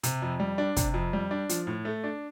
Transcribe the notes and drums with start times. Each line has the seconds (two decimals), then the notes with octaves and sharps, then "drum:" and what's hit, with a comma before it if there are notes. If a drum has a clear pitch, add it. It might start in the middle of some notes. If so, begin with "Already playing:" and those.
0.03 C3, drum: hi-hat
0.22 F2
0.40 G3
0.58 D4
0.76 C3, drum: kick, hi-hat
0.94 F2
1.13 G3
1.31 D4
1.49 F3, drum: hi-hat
1.67 A2
1.85 A3
2.04 D4